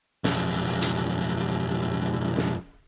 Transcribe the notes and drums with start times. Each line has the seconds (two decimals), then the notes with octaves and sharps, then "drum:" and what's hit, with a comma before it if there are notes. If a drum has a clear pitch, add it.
0.24 B1 F2, drum: snare
0.82 drum: hi-hat
2.37 drum: snare